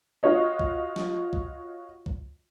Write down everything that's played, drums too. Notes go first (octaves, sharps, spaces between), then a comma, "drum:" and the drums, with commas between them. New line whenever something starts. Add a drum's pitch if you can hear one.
F4 F#4 C#5 D#5
drum: kick
drum: snare
drum: kick
drum: kick